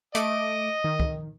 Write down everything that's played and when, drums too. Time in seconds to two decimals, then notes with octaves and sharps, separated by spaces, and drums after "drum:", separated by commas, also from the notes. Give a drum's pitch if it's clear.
0.15 A3 D#5 D6 D7, drum: hi-hat
0.84 D#3
1.00 drum: kick